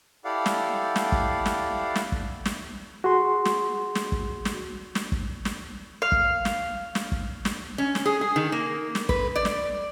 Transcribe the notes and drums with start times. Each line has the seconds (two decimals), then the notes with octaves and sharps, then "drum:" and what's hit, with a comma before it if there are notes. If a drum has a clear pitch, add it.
0.25 E4 G4 A4 D5 F5 F#5
0.46 drum: snare
0.96 drum: snare
1.12 drum: kick
1.45 drum: snare
1.95 drum: snare
2.12 drum: kick
2.45 drum: snare
3.04 F#4 G#4 C6
3.45 drum: snare
3.95 drum: snare
4.12 drum: kick
4.45 drum: snare
4.95 drum: snare
5.12 drum: kick
5.45 drum: snare
6.02 F5
6.12 drum: kick
6.45 drum: snare
6.95 drum: snare
7.12 drum: kick
7.45 drum: snare
7.78 C#4
7.95 drum: snare
8.06 G#4
8.21 G#4
8.36 D#3
8.52 A#3
8.95 drum: snare
9.09 B4, drum: kick
9.36 D5
9.45 drum: snare